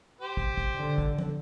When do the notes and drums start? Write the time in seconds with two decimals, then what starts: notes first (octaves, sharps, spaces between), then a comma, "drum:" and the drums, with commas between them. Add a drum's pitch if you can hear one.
0.21 G4 C5
0.37 drum: kick
0.58 drum: kick
0.78 D3
0.98 drum: kick
1.18 drum: tom F3